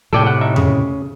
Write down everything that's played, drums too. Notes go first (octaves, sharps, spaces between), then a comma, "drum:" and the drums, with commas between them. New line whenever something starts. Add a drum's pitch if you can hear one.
A2 C3 A4 D5 G5
F#5
D#4 E5
C#3, drum: tom E2